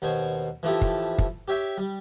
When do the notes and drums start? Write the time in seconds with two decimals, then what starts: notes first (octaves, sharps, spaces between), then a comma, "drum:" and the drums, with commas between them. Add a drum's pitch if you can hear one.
0.02 D#2 B2 C5 C#5
0.63 E3 F3 A3 E4 G4
0.82 drum: kick
1.18 drum: kick
1.48 G4 C#5 E5 G5
1.78 G3